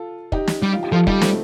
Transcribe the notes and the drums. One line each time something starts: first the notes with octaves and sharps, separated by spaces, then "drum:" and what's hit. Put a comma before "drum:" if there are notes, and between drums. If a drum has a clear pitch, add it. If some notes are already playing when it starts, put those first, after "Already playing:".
Already playing: F4 A4
D#4 G4, drum: kick
drum: snare
G3
F4
G4
F3 F4 A4
G3 D#4 G4, drum: kick
A3 C4, drum: snare